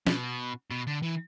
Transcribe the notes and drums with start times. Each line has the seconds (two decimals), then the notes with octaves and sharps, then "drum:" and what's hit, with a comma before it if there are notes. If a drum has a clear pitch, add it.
0.07 B2, drum: snare
0.71 B2
0.87 D3
1.02 E3